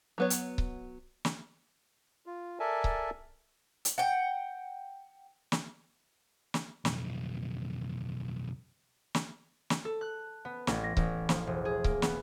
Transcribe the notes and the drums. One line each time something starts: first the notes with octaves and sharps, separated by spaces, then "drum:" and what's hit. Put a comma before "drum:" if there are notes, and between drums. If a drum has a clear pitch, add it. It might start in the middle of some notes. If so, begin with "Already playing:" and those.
F#3 B3 C#5
drum: hi-hat
drum: kick C#1
drum: snare
F4
A4 A#4 D5 E5 G#5 A5
drum: kick C#1
drum: hi-hat
F#5 G5
drum: snare
drum: snare
B1 F2, drum: snare
drum: snare
drum: snare
A4
F#6
B3
A1, drum: snare
A#6
A1, drum: kick C#1
F3, drum: snare
E1
G#4
A#3, drum: kick C#1
B3, drum: snare